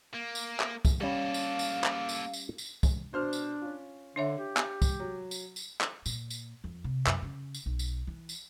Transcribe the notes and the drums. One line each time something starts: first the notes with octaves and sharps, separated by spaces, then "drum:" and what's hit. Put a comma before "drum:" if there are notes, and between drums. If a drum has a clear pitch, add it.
A#3
drum: tambourine
drum: clap
drum: kick, tambourine
G3 A#3 C#4 A4 F5
drum: tambourine
drum: tambourine
drum: clap
drum: tambourine
drum: tambourine
drum: tambourine
drum: kick, tambourine
B2 D4 C5 F6
drum: tambourine
C#4 F4
D3 D4 C#5 E5
G4
drum: clap
drum: kick, tambourine
F#3
drum: tambourine
drum: tambourine
drum: clap
A#2, drum: tambourine
drum: tambourine
F2
C3
F#2, drum: clap
C#3
drum: tambourine
B1
drum: tambourine
E3
drum: tambourine